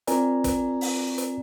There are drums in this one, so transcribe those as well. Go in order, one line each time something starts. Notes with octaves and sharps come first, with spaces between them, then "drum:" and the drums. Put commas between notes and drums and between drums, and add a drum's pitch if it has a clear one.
C4 F4 A#4 D5 G#5 A#5, drum: hi-hat
drum: kick, hi-hat
drum: open hi-hat
drum: hi-hat